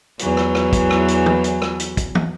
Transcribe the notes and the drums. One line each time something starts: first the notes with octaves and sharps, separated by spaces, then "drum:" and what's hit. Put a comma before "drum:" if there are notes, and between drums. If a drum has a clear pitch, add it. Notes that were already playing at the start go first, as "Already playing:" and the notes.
E2 E3 F#3, drum: hi-hat
drum: rim click
drum: rim click
drum: kick, hi-hat
drum: rim click
drum: hi-hat
drum: tom
drum: hi-hat
drum: rim click
drum: hi-hat
drum: kick, hi-hat
drum: tom